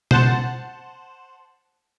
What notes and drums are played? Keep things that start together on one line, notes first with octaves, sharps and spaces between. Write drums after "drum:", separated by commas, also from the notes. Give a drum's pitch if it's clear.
C5 F#5 A5, drum: tom B2